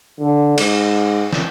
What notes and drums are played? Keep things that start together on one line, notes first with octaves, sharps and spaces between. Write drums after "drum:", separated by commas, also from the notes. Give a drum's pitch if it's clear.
D3
G#2, drum: cymbal
drum: snare